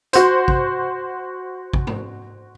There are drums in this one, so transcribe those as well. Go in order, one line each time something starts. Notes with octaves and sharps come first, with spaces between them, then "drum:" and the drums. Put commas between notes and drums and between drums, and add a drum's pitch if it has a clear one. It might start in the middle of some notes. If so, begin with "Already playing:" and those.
F#4 C5, drum: hi-hat
drum: kick
drum: kick
drum: tom G#2